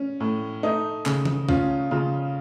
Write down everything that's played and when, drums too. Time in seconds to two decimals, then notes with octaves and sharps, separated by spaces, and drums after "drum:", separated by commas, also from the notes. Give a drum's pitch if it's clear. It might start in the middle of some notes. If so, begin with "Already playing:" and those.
Already playing: C#4
0.20 A2
0.63 A3 D#4
1.06 C#3, drum: clap
1.25 drum: tom D#3
1.49 C#4 F4, drum: kick
1.91 C#3 F4